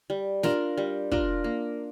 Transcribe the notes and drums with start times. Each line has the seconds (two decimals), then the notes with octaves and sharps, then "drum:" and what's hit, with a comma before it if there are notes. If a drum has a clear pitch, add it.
0.10 G3
0.43 D4 F4 A#4, drum: snare
0.77 G3
1.12 D4 F4 A#4, drum: kick
1.44 A#3